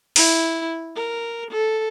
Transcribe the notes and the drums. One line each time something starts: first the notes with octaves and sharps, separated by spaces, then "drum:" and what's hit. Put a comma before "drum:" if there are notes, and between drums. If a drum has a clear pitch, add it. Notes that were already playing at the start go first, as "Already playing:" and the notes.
E4, drum: open hi-hat
A#4
A4